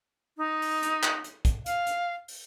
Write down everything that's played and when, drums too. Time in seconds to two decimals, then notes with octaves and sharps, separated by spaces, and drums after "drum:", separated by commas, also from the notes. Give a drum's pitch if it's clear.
0.38 D#4
0.62 drum: open hi-hat
0.82 drum: hi-hat
1.03 drum: clap
1.24 drum: hi-hat
1.45 drum: kick, hi-hat
1.66 F5, drum: hi-hat
1.86 drum: hi-hat
2.28 drum: open hi-hat